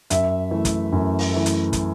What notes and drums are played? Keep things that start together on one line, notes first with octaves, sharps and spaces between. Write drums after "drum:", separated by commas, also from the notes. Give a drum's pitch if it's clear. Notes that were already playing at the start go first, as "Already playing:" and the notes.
F#2 E5, drum: hi-hat
E3 A3
drum: kick, hi-hat
F#2
drum: open hi-hat
E3 A3
drum: hi-hat
drum: kick, hi-hat